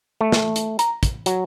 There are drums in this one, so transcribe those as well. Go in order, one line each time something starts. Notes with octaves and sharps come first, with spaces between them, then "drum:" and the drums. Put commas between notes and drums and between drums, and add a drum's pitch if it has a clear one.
A3
drum: snare
drum: hi-hat
A#5, drum: hi-hat
drum: kick, hi-hat
F#3, drum: hi-hat